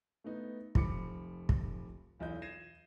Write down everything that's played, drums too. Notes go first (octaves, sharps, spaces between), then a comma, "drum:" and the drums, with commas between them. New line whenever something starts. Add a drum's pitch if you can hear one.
A3 B3 D#4
F1 F3 B5 D6 C#7, drum: kick
drum: kick
B1 E2 F4 D#5 G6
G#6 A#6 C7 D#7 E7